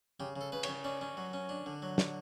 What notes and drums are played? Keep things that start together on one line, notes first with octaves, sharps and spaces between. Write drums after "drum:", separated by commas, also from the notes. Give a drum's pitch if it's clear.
C#3 G4
C#3
A4
C#3 B4
C#5, drum: cymbal
C#3
C#4 D5
C#4
F#3
C#4
D4
D3
F#3
D3, drum: snare